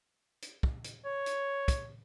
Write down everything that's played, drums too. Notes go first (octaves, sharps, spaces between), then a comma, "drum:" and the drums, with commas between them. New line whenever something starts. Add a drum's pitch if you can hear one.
drum: hi-hat
drum: kick
drum: hi-hat
C#5
drum: hi-hat
drum: kick, hi-hat